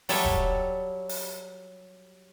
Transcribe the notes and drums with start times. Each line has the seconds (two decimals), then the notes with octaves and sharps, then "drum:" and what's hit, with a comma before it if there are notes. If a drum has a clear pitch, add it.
0.09 F#3 G3 A4 C#5 E5, drum: open hi-hat
0.25 drum: kick D#1
1.09 drum: open hi-hat